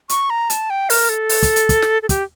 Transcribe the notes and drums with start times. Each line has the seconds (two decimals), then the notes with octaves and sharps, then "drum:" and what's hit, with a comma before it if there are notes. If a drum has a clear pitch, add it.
0.09 C#6, drum: hi-hat
0.30 A#5
0.50 A5, drum: hi-hat
0.70 G5
0.90 A#4, drum: open hi-hat
1.09 A4
1.29 drum: open hi-hat
1.43 drum: kick, hi-hat
1.56 drum: hi-hat
1.69 drum: kick, hi-hat
1.82 drum: snare
2.02 A4
2.09 G4, drum: kick, hi-hat